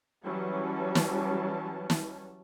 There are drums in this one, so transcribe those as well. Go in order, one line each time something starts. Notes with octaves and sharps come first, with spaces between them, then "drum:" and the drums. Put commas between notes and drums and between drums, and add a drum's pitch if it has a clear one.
E3 F#3 G3 C#4 A5
drum: snare
drum: snare